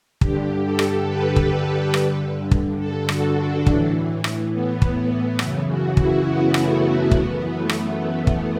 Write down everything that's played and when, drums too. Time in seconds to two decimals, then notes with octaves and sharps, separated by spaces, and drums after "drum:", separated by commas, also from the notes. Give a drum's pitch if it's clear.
0.21 G2 D3 G4, drum: kick
0.64 A4
0.79 drum: rim click
1.07 B4
1.36 drum: kick
1.94 G2 D3, drum: rim click
2.51 drum: kick
2.80 A4
3.09 F#4, drum: rim click
3.37 D4
3.66 A2 E3, drum: kick
4.24 drum: rim click
4.53 B3
4.82 drum: kick
4.96 B3
5.39 F#2 C#3 E3 A3, drum: rim click
5.68 F#4
5.97 E4, drum: kick
6.26 B3
6.54 A3, drum: rim click
6.84 A3
7.11 F#2 E3 B3, drum: kick
7.54 A3
7.69 drum: rim click
7.98 B3
8.27 drum: kick